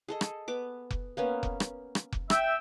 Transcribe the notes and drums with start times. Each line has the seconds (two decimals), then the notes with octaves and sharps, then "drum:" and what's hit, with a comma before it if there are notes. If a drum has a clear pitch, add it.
0.08 G#4 A4 D#5
0.21 drum: rim click
0.48 B3 D6
0.90 drum: kick F1
1.17 A#3 B3 C#4
1.43 drum: kick F1
1.60 drum: rim click
1.95 drum: rim click
2.12 drum: kick F1
2.30 E5 G5 E6, drum: rim click